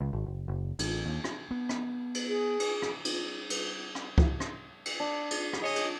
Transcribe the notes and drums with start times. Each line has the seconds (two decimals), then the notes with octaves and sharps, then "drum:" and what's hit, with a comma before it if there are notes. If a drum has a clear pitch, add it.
0.01 C#2
0.13 G#1
0.27 F#1
0.48 F#1
0.79 A1, drum: cymbal
1.06 D#2
1.24 drum: rim click
1.51 B3
1.69 drum: rim click
2.14 drum: cymbal
2.29 G#4
2.60 drum: cymbal
2.82 drum: rim click
3.05 drum: cymbal
3.50 drum: cymbal
3.95 drum: rim click
4.18 drum: kick C#2
4.40 drum: rim click
4.85 drum: cymbal
5.00 D4
5.31 drum: cymbal
5.53 drum: rim click
5.63 G#4 C#5 D#5
5.76 drum: cymbal